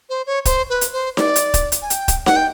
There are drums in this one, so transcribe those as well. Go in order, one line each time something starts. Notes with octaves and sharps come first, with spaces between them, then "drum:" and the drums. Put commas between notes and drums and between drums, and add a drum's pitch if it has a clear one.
C5
C#5
C5, drum: kick, hi-hat
B4
drum: hi-hat
C5
D5, drum: snare D#4
drum: hi-hat
drum: kick, hi-hat
drum: hi-hat
G#5
G5, drum: hi-hat
drum: kick, hi-hat
F#5, drum: snare D#4
G5